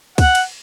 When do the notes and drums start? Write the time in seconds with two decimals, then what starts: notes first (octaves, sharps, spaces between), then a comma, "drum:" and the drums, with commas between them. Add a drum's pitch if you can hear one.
0.18 F#5, drum: kick C#2, cymbal
0.35 drum: cymbal